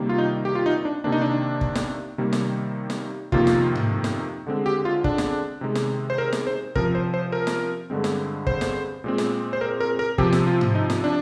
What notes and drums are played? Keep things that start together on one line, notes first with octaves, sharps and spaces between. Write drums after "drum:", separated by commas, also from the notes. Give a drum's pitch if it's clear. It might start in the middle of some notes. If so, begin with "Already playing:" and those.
Already playing: C3 D#3 G3 A#3
F4
D#4
G4
F4
D#4
D4
C3 D#3 A#3 D4
D#4
D4
drum: kick
drum: snare
C3 D#3 G3 A#3
drum: snare
drum: snare
F2 C3 D#3 A#3 F4, drum: kick
drum: snare
drum: tom G#2
drum: snare
D3 G#3 C4
G4
F4
D4, drum: kick
drum: snare
C3 D#3 G#3
drum: snare
C5
A#4
drum: snare
C5
C3 F3 C4 A#4, drum: kick
C5
C5
A#4
drum: snare
G2 D3 G#3 C4
drum: snare
C5, drum: kick
drum: snare
A#2 G#3 C4
drum: snare
C5
A#4
A#4
A#4
C3 F3 C4 G4, drum: kick
drum: snare
F4
drum: tom G#2
D#4
drum: snare
D4